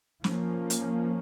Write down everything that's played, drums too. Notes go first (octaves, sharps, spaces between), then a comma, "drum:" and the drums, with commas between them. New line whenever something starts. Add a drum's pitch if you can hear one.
F3 A#3 C#4, drum: snare
drum: hi-hat